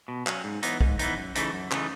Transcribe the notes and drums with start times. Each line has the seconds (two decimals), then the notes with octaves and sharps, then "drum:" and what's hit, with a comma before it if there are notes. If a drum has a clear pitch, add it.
0.08 B2
0.27 F#3 C#4, drum: clap
0.44 G#2
0.63 E3 B3 D#4, drum: hi-hat
0.81 G#2, drum: kick
0.99 E3 B3 D#4, drum: hi-hat
1.17 F#2
1.35 C#3 E3 A3 D#4, drum: hi-hat
1.53 F#2
1.71 C#3 E3 A3 D#4, drum: clap